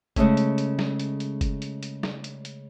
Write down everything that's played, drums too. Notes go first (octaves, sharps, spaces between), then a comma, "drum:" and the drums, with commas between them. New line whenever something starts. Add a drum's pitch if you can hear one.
C#3 G#3 A3 C#4, drum: kick F#1, hi-hat
drum: hi-hat
drum: hi-hat
drum: snare
drum: hi-hat
drum: hi-hat
drum: kick F#1, hi-hat
drum: hi-hat
drum: hi-hat
drum: snare
drum: hi-hat
drum: hi-hat